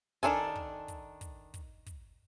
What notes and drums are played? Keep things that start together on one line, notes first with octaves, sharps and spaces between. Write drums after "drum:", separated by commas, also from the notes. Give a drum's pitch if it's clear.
D#3 D4 F#4 A4 G#5, drum: kick, hi-hat
drum: kick
drum: kick, hi-hat
drum: kick, hi-hat
drum: kick, hi-hat
drum: kick, hi-hat